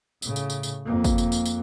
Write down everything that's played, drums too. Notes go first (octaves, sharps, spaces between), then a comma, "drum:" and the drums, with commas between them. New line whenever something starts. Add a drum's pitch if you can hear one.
A2 C#3, drum: tambourine
drum: tambourine
drum: tambourine
drum: tambourine
F2 A#3
drum: kick, tambourine
drum: tambourine
drum: tambourine
drum: tambourine